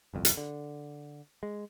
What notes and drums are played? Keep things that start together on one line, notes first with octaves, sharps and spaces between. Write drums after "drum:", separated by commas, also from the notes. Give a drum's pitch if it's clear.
G1 C2 F2
drum: hi-hat
D3
G#3